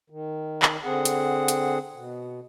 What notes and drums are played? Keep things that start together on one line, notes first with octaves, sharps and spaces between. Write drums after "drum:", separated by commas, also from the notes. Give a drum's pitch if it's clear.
D#3
drum: clap
D3 C4 G#4 F#5
drum: hi-hat
drum: hi-hat
B2